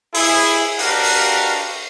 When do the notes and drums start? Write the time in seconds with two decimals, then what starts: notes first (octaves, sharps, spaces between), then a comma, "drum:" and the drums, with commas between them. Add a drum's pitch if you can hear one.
0.15 E4 G#4, drum: open hi-hat
0.79 D4 F#4 G4 A#4 B4 F5, drum: open hi-hat
1.04 drum: open hi-hat